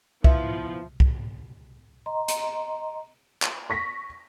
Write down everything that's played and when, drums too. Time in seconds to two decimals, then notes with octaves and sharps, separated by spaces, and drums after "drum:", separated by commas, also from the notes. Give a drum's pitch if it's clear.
0.24 F3 B3 E4 E5, drum: kick
1.00 drum: kick
2.06 D#5 A#5 C6
2.28 drum: hi-hat
3.42 drum: clap
3.70 C#6 A#6 B6